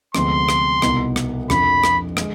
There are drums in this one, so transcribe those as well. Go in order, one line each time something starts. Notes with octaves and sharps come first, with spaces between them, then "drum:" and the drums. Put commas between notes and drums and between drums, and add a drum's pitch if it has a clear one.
D2 C3 F3 G#3 B3 C6, drum: rim click
drum: rim click
C2 B2 B3 D#4, drum: rim click
drum: rim click
F2 D3 F3 B5, drum: rim click
drum: rim click
D3 G#3, drum: rim click